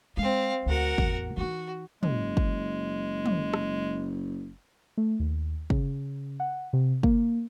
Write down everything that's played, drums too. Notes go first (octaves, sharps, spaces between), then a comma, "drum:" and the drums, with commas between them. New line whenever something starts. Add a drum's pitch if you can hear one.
G#3 C4 F5
D2 F#4 A#4 F#5
A1 E2, drum: kick
E3 D#4 F#4
F#1 G#3, drum: tom
drum: kick
drum: tom
drum: rim click
A3
D#2
C#3, drum: kick
F#5
C3
A#3, drum: kick